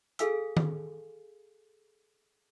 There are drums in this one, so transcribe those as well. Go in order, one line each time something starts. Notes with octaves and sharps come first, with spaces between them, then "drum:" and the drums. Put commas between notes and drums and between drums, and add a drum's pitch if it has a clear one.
G#4 A4 F5 G#5 E6, drum: hi-hat
drum: tom D#3